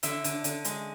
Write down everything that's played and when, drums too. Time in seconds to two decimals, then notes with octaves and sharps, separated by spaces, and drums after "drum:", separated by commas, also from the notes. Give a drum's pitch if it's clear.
0.03 D3 E4 E5, drum: hi-hat
0.24 D3, drum: hi-hat
0.44 D3, drum: hi-hat
0.64 G#3, drum: hi-hat